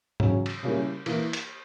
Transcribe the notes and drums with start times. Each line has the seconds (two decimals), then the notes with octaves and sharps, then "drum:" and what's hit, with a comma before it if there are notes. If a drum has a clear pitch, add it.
0.20 C#3 F#3 C#4, drum: tom G#2
0.46 drum: cymbal
0.63 C#3 G3 A#3 C#4 E4
1.06 E3 A#3 E4, drum: cymbal
1.33 drum: hi-hat